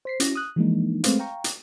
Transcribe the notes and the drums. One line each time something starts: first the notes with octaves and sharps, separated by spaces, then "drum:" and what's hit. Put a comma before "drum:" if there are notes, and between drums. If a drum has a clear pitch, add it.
C5 B6 C7
C#4 E4 F#4 A#6, drum: hi-hat
D#6 F#6
E3 F3 G#3 A#3 D4 D#4
G#3 A3 C4 B4 C5 F5, drum: hi-hat
F5 G5 A#5 C#6
drum: hi-hat